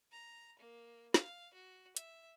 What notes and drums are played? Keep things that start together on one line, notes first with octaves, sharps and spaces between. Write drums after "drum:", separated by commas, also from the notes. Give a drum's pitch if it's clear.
A#5
A#3
F5, drum: snare
F#4
E5, drum: hi-hat